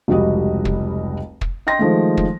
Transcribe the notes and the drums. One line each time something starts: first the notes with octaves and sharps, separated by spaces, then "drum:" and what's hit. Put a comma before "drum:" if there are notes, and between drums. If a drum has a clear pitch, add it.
F1 C#2 G3 F#4 D#5
drum: kick
drum: kick
D#5 G5 C6 A#6
D#3 F3 G#3 A3
drum: kick